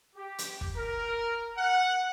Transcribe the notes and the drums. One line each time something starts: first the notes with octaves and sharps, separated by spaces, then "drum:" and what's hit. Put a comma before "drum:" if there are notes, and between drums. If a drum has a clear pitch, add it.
G4
drum: hi-hat
drum: kick
A#4
F#5